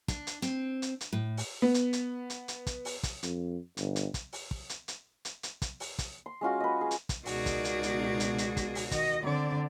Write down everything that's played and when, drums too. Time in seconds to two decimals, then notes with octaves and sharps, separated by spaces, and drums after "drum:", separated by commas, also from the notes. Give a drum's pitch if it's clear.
0.08 D4, drum: kick, hi-hat
0.27 drum: hi-hat
0.42 C4, drum: hi-hat
0.82 drum: hi-hat
1.01 drum: hi-hat
1.13 A2
1.37 drum: open hi-hat
1.62 B3
1.74 drum: hi-hat
1.93 drum: hi-hat
2.30 drum: hi-hat
2.48 drum: hi-hat
2.67 drum: kick, hi-hat
2.85 drum: open hi-hat
3.03 drum: kick, hi-hat
3.23 F2, drum: hi-hat
3.77 G1, drum: hi-hat
3.96 drum: hi-hat
4.14 drum: kick, hi-hat
4.33 drum: open hi-hat
4.51 drum: kick
4.69 drum: hi-hat
4.88 drum: hi-hat
5.25 drum: hi-hat
5.43 drum: hi-hat
5.62 drum: kick, hi-hat
5.80 drum: open hi-hat
5.99 drum: kick, hi-hat
6.26 C6
6.41 G#3 C#4 F4 F#4
6.60 B4 D#5
6.81 G#4
6.91 drum: hi-hat
7.09 drum: kick, hi-hat
7.26 C#2 B2 D#4 F#4 G#4 A#4 D5, drum: open hi-hat
7.46 drum: kick, hi-hat
7.65 drum: hi-hat
7.83 drum: hi-hat
8.20 drum: hi-hat
8.38 drum: hi-hat
8.57 drum: kick, hi-hat
8.75 drum: open hi-hat
8.91 D#3 F#4 D#5, drum: kick, hi-hat
9.25 D3 C4 D5